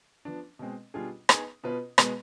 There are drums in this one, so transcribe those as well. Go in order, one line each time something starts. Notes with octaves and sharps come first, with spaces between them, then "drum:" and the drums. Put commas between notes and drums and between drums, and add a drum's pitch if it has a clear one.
F3 B3 D4
B2 G#3 C4
B2 G3 D4 F4 G#4
B3 D#4 G#4, drum: rim click
B2 B3 F4 B4
B2 G#3 B3, drum: rim click